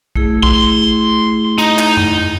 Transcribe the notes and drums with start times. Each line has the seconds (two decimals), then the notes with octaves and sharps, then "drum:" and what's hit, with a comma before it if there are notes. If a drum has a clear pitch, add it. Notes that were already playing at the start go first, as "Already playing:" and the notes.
0.16 A3 E4 G#4, drum: kick B1
0.43 C6, drum: kick B1
1.58 D#4, drum: hi-hat
1.78 drum: clap
1.97 drum: tom F2